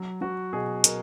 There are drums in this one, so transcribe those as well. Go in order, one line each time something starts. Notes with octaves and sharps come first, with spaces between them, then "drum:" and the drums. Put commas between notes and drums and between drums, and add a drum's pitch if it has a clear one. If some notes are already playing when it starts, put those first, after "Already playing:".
Already playing: F#3
F#3 F#4
B2 G#4
B2 A#4, drum: hi-hat